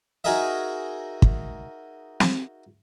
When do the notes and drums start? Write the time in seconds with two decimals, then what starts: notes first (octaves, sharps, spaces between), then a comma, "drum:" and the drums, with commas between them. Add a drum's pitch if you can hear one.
0.24 D#4 F#4 G#4 A#4 D#5 E5
1.22 drum: kick
2.20 drum: snare